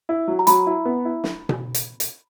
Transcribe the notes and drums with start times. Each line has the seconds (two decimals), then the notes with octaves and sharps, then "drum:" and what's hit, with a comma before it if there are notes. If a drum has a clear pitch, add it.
0.09 E4
0.28 F#3
0.39 A#5
0.47 F#3 B5, drum: hi-hat
0.67 E4
0.85 B3
1.05 E4
1.24 drum: snare
1.49 drum: tom B2
1.75 drum: hi-hat
2.00 drum: hi-hat